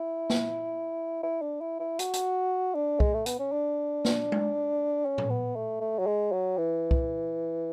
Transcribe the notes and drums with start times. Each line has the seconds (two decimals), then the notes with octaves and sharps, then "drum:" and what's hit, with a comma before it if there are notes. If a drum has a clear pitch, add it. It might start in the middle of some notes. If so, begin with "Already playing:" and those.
Already playing: E4
0.30 drum: snare
1.23 E4
1.42 D4
1.61 E4
1.79 E4
1.99 F#4, drum: hi-hat
2.13 drum: hi-hat
2.75 D4
3.00 G#3, drum: kick C2
3.14 A3
3.26 B3, drum: hi-hat
3.39 C#4
3.52 D4
4.05 drum: snare
4.32 drum: tom G#3
5.05 C#4
5.18 drum: tom A2
5.30 B3
5.56 A3
5.81 A3
5.99 F#3
6.06 G#3
6.32 F#3
6.58 E3
6.91 drum: kick C2